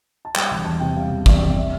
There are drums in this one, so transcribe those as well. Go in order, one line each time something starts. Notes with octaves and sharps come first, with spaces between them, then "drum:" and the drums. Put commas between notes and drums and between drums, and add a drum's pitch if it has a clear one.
A5
G3 G5, drum: clap
E1
E2 A5
C3 G5
G3 F5
E1
E2 D5, drum: kick
C3 D5
E5